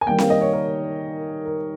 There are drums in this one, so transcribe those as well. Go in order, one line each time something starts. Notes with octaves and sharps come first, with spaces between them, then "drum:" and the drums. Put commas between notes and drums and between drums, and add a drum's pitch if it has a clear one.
G#5
D#3 G3 A#3 G5
F5, drum: snare C4
D#5
C#5
A#4
A#4